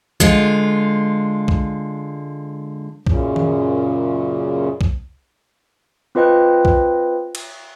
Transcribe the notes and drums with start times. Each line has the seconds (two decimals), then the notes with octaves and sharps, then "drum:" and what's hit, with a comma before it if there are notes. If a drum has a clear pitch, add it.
0.20 D3 G#3 F4, drum: kick B1
1.48 drum: kick B1
3.07 F#2 A#2 C#3, drum: kick B1
3.36 drum: tom D#3
4.81 drum: kick B1
6.15 C4 F4 B4 D#5 G5 F#6
6.65 drum: kick B1
7.35 drum: cymbal